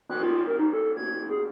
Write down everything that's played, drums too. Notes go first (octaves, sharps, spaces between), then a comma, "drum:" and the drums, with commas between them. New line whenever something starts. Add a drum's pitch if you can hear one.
F#6, drum: cymbal
F4
A#4
D#4
A4
G#6, drum: cymbal
G#4